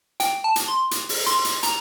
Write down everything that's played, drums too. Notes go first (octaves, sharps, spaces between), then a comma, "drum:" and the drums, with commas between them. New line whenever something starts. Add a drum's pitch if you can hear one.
G5, drum: hi-hat
A5
drum: hi-hat
C6
drum: hi-hat
drum: open hi-hat
C6, drum: hi-hat
drum: hi-hat
A#5, drum: hi-hat